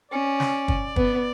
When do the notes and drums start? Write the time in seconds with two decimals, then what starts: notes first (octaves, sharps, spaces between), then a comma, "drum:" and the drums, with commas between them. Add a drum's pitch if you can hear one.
0.11 C#4 D5
0.40 drum: snare
0.68 drum: kick
0.96 B3, drum: kick